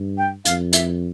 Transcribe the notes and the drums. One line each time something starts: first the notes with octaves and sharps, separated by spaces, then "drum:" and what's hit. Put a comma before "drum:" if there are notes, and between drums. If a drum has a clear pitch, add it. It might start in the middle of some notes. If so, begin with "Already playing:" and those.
Already playing: G2
G5
F2 F5, drum: hi-hat
E5, drum: hi-hat